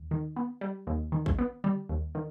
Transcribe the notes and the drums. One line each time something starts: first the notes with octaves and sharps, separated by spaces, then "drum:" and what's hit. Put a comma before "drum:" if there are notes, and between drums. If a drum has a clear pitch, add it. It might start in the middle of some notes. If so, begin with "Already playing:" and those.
Already playing: D#2
D#3
B3
G3
D#2
D#3
drum: kick
B3
G3, drum: tom D3
D#2
D#3